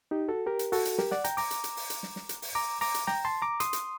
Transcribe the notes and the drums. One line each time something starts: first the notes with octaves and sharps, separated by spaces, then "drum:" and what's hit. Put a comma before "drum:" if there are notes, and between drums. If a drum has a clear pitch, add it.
D#4 G4
F#4 A4
G4 A#4
drum: hi-hat
F#4 A4, drum: open hi-hat
drum: hi-hat
G4 A#4, drum: snare
D5 F#5, drum: snare
G5 A#5, drum: hi-hat
A#5 D6, drum: open hi-hat
drum: hi-hat
drum: hi-hat
drum: open hi-hat
drum: hi-hat
drum: snare
drum: snare
drum: hi-hat
drum: open hi-hat
A#5 D6
A#5 D6, drum: open hi-hat
drum: hi-hat
G5 A#5, drum: snare
A5 C6
A#5 D6
C6 D#6, drum: hi-hat
drum: hi-hat